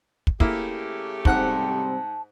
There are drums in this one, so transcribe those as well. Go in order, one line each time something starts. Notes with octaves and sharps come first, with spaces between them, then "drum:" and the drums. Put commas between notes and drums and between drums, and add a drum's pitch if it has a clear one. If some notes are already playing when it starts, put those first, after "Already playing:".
drum: kick
C#3 A3 A#3 E4 G4, drum: kick
G#2 C3 G3 C4 F#5 A5 F#6, drum: kick